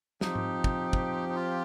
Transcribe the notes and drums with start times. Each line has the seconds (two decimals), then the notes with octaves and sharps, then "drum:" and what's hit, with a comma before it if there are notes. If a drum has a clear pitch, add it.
0.21 F3 C4 D#4 G4, drum: snare
0.35 drum: tom G#2
0.64 drum: kick
0.93 drum: kick
1.29 D#4
1.36 F4